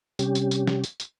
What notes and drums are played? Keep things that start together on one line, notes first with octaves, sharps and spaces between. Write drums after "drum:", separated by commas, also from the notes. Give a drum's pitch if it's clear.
C3 G3 C#4 G4, drum: tambourine
drum: tambourine
drum: tambourine
drum: snare
drum: tambourine
drum: tambourine